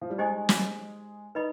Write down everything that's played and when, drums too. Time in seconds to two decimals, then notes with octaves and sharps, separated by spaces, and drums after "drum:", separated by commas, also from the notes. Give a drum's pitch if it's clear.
0.02 F3
0.10 G3
0.18 G#3 D#4 G4 C5 D#5 G#5
0.49 drum: snare
1.35 D#4 B4 D#5 B5